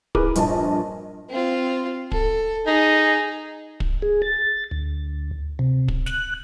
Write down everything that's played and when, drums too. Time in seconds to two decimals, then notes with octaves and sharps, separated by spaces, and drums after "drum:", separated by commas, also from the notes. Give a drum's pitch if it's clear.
0.15 E4 G#4 A#4 B4 D6, drum: kick
0.35 A#1 G2 A#4 D#5 A5, drum: hi-hat
1.29 C4 F4
2.12 A4, drum: kick
2.66 D#4 G#4
3.80 drum: kick
4.02 G#4
4.22 A6
4.71 D2
5.59 C3
5.88 drum: kick
6.06 F#6, drum: snare